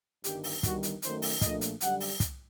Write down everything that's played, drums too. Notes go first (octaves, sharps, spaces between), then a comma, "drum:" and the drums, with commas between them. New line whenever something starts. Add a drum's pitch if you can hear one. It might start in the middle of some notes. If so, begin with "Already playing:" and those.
G1 G2 D#3 G4, drum: hi-hat
drum: open hi-hat
G1 G2 D#3 G3 F#4, drum: kick, hi-hat
drum: hi-hat
F#2 D#3 A3 C5, drum: hi-hat
drum: open hi-hat
A#1 A#2 A3 D4 D#5, drum: kick, hi-hat
drum: hi-hat
F#2 D3 G3 F#5, drum: hi-hat
drum: open hi-hat
drum: kick, hi-hat